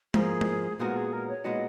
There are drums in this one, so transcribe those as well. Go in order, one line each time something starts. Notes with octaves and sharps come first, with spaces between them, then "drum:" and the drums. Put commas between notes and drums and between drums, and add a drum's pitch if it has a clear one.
G#2 F3 A#3 G#4, drum: tom G#3
drum: tom G#3
A#2 G#3 B3 D#4 F#4 A#4
G#4
A#4
C#5
A#2 G#3 B3 D#4 F#4 D#5